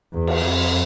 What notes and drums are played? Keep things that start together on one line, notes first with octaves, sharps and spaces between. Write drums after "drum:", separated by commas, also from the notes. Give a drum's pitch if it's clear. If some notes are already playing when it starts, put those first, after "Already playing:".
E2
drum: cymbal
F2